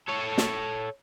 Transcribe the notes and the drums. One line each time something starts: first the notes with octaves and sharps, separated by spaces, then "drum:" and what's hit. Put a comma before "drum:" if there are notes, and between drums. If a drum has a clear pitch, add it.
A4 C#5
drum: snare